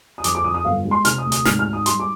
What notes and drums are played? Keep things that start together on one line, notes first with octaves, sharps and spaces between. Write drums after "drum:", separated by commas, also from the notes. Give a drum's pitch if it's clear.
D#6
F2 D6, drum: hi-hat
D6
F2 D#6
D#6
G1 F5
G#3
C6
C3 F6, drum: hi-hat
D#6
D2
D#6, drum: hi-hat
G#1 F6, drum: snare
F6
G#2
D#6
G3 C6, drum: hi-hat
D6